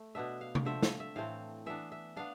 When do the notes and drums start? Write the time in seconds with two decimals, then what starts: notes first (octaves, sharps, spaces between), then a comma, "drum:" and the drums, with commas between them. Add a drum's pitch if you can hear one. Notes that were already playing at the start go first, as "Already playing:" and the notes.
Already playing: A3
0.15 B2 B3 D4 E5
0.41 F5
0.55 drum: tom C3
0.65 D3 F3 A3 C4 E5
0.83 F5, drum: snare
1.00 E5
1.16 A2 E3 A3 C4 F5
1.66 E3 B3 D4 E5
1.92 E5
2.17 B3 D4 F5